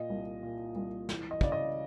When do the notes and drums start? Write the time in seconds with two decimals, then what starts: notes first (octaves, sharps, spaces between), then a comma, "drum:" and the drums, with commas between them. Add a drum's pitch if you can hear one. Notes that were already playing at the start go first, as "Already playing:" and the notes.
Already playing: A#2 D#5
0.10 C2
0.43 A#2
0.76 C2
1.09 E3, drum: snare
1.31 D#5
1.41 C#3 D5, drum: kick
1.52 D#5